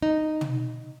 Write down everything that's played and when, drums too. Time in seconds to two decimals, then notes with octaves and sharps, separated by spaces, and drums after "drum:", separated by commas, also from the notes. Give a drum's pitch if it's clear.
0.03 D#4
0.41 drum: tom